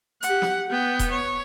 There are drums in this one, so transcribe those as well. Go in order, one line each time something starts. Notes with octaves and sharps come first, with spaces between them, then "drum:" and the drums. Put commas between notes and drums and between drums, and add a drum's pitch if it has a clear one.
G4 F#5, drum: hi-hat
drum: snare
B3 G5
drum: kick D#1, hi-hat
C#5